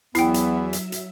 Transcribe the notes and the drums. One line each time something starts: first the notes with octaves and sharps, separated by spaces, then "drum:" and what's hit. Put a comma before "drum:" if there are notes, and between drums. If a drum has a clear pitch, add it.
E2 F#3 B3 E4 E5 G5, drum: hi-hat
drum: hi-hat
drum: hi-hat
drum: hi-hat